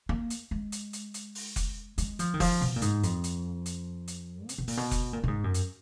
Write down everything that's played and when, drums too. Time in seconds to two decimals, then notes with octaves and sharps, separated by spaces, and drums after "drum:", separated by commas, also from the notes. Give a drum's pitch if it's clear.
0.09 A#3
0.30 drum: hi-hat
0.51 G#3
0.72 drum: hi-hat
0.93 drum: hi-hat
1.14 drum: hi-hat
1.35 drum: open hi-hat
1.56 drum: kick F1, hi-hat
1.98 G#3, drum: hi-hat
2.19 F3, drum: hi-hat
2.34 D#3
2.40 F3, drum: kick F1, open hi-hat
2.61 B2
2.76 A#2
2.82 G#2, drum: hi-hat
3.03 F2, drum: hi-hat
3.24 drum: hi-hat
3.66 drum: hi-hat
4.08 drum: hi-hat
4.49 C#3, drum: hi-hat
4.58 B2
4.68 A#2, drum: open hi-hat
4.77 B2
4.91 drum: kick F1, hi-hat
5.13 A#2
5.24 A#2
5.28 G#2
5.44 F#2
5.54 drum: hi-hat